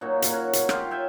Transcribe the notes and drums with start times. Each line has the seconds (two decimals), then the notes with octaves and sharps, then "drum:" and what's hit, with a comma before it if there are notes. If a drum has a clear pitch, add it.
0.01 A#2 F#3 D#4 C#5
0.22 drum: hi-hat
0.32 C#4 F#4 C#5
0.53 drum: hi-hat
0.69 F4 G4, drum: rim click
0.91 C#5 E5 G5 G#5